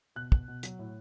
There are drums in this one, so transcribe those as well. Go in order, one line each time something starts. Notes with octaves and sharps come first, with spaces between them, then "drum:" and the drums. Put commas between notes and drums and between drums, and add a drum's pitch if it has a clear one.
B2 F#6
B2, drum: kick
B2
F#3, drum: hi-hat
A2